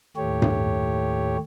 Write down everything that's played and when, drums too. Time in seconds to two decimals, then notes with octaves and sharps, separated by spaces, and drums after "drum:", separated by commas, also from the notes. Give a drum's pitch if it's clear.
0.17 D#2 A2 A3 G4 C#5
0.42 drum: tom G2